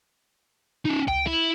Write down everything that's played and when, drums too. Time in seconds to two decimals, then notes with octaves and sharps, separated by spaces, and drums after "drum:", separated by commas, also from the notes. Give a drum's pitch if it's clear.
0.85 C#4 D#4
1.08 G5, drum: tom C#2
1.27 E4